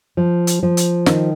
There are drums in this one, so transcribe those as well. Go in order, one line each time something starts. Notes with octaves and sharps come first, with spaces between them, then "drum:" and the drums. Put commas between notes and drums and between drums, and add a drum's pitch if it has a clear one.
F3
drum: hi-hat
F3
drum: hi-hat
D#3, drum: snare